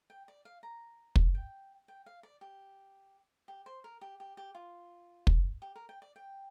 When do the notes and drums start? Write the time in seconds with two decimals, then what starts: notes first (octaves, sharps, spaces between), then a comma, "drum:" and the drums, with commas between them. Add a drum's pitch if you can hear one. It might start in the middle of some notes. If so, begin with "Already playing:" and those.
0.10 G5
0.28 D5
0.45 F5
0.63 A#5
1.16 drum: kick
1.35 G5
1.88 G5
2.06 F5
2.23 D5
2.41 G4
3.48 G4
3.66 C5
3.84 A#4
4.01 G4
4.20 G4
4.37 G4
4.55 F4
5.27 drum: kick
5.62 G4
5.76 A#4
5.89 G5
6.02 D5
6.16 G5